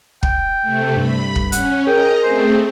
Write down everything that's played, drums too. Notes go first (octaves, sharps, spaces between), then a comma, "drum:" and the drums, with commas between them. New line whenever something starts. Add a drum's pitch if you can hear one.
G5, drum: kick
C3 A3
G2 B5
drum: kick
C#4 F#5, drum: hi-hat
G#4 A#4 D#5 G5 A#5
A3 C4 C5